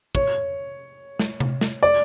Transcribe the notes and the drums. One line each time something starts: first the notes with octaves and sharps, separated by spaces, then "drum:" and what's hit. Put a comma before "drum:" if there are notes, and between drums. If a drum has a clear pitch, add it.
C#5, drum: kick
drum: snare
drum: tom C3
drum: snare
D5